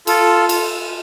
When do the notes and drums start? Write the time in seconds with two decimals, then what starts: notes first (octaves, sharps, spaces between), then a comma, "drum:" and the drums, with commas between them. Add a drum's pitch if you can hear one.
0.07 F4 A4, drum: cymbal
0.49 drum: cymbal